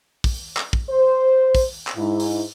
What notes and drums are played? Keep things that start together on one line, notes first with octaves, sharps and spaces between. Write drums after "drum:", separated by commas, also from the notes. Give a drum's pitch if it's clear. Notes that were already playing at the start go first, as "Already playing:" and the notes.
drum: kick, open hi-hat
drum: clap
drum: kick
C5
drum: kick, open hi-hat
drum: clap
G#2 E4
drum: open hi-hat